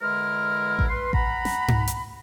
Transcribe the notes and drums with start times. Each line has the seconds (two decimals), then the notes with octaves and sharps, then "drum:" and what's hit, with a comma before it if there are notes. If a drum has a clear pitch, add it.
0.01 E2 D3 G#3 E4 A#4 F6
0.79 drum: kick A1
0.88 B4 C6
1.13 F#5 A#5 B5, drum: kick A1
1.45 drum: snare
1.68 drum: tom G#2
1.87 drum: hi-hat